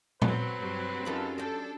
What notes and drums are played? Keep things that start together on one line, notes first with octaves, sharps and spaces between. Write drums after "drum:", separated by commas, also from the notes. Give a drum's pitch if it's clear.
F#3 C4 B4, drum: tom A#2
G2 C3
F#2 D#4 F4 G4 A4 B5
D4 A4 D#5 G5